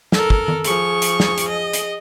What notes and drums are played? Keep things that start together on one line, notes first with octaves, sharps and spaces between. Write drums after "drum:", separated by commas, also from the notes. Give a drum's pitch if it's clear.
A4 A#4, drum: snare
drum: kick
drum: tom D#3
F3 G#4 C#6, drum: hi-hat
drum: hi-hat
drum: snare
drum: hi-hat
D#5
drum: hi-hat